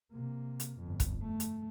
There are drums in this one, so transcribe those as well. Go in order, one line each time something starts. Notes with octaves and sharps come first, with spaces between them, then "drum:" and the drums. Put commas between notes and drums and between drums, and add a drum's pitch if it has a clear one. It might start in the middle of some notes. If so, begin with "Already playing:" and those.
C3 A#3
drum: hi-hat
G1 F2
drum: kick, hi-hat
A3
drum: hi-hat